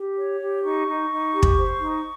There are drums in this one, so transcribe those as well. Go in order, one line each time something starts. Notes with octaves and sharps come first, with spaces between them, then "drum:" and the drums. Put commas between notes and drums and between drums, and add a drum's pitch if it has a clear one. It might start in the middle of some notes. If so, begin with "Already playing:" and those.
Already playing: G4
C#5
G4
D#4 C#6
D#4
D#4
G4
drum: kick
C5
D#4